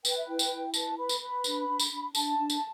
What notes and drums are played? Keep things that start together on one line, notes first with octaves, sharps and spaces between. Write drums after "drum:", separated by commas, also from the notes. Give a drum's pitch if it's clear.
B4 G5, drum: tambourine
E5
E4 G5
drum: tambourine
E4
B4 A5, drum: tambourine
B4 B5
drum: tambourine
B4 B5
D4, drum: tambourine
D4
drum: tambourine
D4
D4 A5, drum: tambourine
D4
drum: tambourine